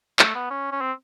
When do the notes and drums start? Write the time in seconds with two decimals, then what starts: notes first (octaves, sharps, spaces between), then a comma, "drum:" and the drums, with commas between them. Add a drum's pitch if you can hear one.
0.19 A3, drum: clap
0.35 B3
0.50 C#4
0.72 C#4
0.81 C4